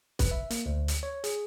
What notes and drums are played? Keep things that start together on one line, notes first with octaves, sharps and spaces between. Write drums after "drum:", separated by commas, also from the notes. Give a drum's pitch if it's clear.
B4, drum: kick, hi-hat
E5
A#3, drum: hi-hat
D2
drum: hi-hat
C#5
G#4, drum: hi-hat